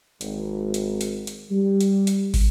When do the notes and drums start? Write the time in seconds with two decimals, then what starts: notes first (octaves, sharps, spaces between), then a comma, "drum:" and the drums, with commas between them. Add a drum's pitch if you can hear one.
0.21 G#1, drum: hi-hat
0.74 drum: hi-hat
1.01 drum: hi-hat
1.27 drum: hi-hat
1.51 G3
1.81 drum: hi-hat
2.07 drum: hi-hat
2.34 drum: kick, open hi-hat